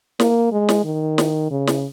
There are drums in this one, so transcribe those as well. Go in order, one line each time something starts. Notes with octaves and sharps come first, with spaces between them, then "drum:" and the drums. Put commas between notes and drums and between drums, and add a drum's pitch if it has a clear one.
A#3, drum: snare
G#3
drum: snare
D#3
drum: snare
C#3
drum: snare